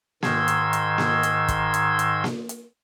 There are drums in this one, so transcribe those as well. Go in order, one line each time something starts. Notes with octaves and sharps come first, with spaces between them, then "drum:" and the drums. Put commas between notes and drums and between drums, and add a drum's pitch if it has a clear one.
G#2 D#3 C6 E6 G#6, drum: snare A#3
drum: hi-hat
drum: hi-hat
drum: snare A#3
drum: hi-hat
drum: kick, hi-hat
drum: hi-hat
drum: hi-hat
drum: snare A#3
drum: hi-hat